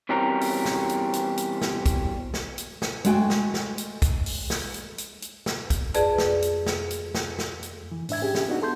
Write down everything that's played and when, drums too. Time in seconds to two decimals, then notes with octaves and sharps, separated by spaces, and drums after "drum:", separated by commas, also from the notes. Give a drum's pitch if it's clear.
0.09 B2 E3 G3 C4 C#4 A#4
0.41 drum: open hi-hat
0.65 drum: snare
0.89 drum: hi-hat
1.13 drum: hi-hat
1.38 drum: hi-hat
1.62 drum: snare
1.86 drum: kick, hi-hat
2.34 drum: snare
2.58 drum: hi-hat
2.82 drum: snare
3.05 G#3 A3 F#4 G5 G#5, drum: hi-hat
3.30 drum: snare
3.54 drum: snare
3.78 drum: hi-hat
4.02 drum: kick, hi-hat
4.26 drum: open hi-hat
4.50 drum: snare
4.74 drum: hi-hat
4.98 drum: hi-hat
5.22 drum: hi-hat
5.46 drum: snare
5.70 drum: kick, hi-hat
5.94 F2 G#4 B4 D5 A5, drum: hi-hat
6.18 drum: snare
6.42 drum: hi-hat
6.66 drum: snare
6.91 drum: hi-hat
7.15 drum: snare
7.39 drum: snare
7.63 drum: hi-hat
7.92 E3
8.09 G#2 D4 E5 G#6, drum: open hi-hat
8.22 C#4 G4 G#4
8.35 drum: snare
8.48 B3 D4 D#4 F#4
8.62 A4 C6 G6